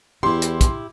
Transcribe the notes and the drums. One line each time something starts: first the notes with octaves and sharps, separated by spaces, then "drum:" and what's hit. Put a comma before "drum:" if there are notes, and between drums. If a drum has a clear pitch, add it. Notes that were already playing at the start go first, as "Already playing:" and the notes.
E2 E4 G4 C6
drum: hi-hat
drum: kick, hi-hat